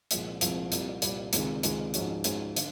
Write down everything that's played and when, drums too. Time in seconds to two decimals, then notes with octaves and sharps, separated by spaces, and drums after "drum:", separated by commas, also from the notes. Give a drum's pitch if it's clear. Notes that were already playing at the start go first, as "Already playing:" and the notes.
0.11 C2 A#2 F3 G#3 C4, drum: hi-hat
0.41 C2 A#2 F3 G#3 C4, drum: hi-hat
0.72 C2 A#2 G3, drum: hi-hat
1.02 C2 A#2 G3, drum: hi-hat
1.33 C#2 C3 D#3 G#3, drum: hi-hat
1.63 C#2 C3 D#3 G#3, drum: hi-hat
1.94 G#2 F3 G#3 C#4 F#4, drum: hi-hat
2.24 G#2 F3 G#3 C#4 F#4, drum: hi-hat
2.56 D3, drum: hi-hat